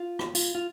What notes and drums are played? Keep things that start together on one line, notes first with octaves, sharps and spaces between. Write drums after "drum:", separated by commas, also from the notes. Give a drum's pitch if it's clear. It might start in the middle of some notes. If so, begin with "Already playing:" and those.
Already playing: F4
drum: rim click
F4, drum: tambourine
F4